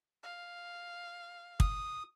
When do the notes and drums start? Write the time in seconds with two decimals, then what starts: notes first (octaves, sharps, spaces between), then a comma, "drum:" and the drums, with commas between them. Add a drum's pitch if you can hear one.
0.23 F5
1.60 D#6, drum: kick